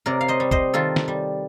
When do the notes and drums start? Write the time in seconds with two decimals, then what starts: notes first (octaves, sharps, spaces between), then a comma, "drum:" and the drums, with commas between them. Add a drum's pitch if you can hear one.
0.06 C3 A#4 D5
0.21 F5
0.28 C5 D#5
0.40 G3
0.51 C5 D#5, drum: kick F#1
0.74 D#3 F4 A4
0.96 drum: snare
1.08 G3